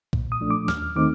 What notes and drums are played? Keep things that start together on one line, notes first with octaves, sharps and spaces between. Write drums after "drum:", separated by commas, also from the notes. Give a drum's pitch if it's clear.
A#2, drum: kick B1
D#6
F3 A3 D4
D6
D#2 F6, drum: snare
D#3 A3 C4 D#4 D6